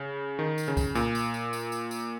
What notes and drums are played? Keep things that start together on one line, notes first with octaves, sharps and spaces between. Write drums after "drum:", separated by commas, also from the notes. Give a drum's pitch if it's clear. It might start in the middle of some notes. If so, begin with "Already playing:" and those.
Already playing: C#3
D#3
drum: tambourine
C#3
drum: kick B1, tambourine
A#2, drum: tambourine
drum: tambourine
drum: tambourine
drum: tambourine
drum: tambourine
drum: tambourine